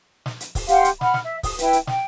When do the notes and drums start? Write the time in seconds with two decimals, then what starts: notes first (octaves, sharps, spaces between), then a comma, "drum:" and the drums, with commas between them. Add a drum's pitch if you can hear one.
0.26 drum: snare
0.40 drum: hi-hat
0.55 drum: kick C#1, open hi-hat
0.68 G4 F5 F#5 C6, drum: hi-hat
0.85 drum: hi-hat
1.01 F#5 B5 F6, drum: snare
1.14 drum: snare
1.24 E5
1.43 D#6, drum: kick C#1, open hi-hat
1.59 E4 B4 G5, drum: hi-hat
1.73 drum: hi-hat
1.87 G5, drum: snare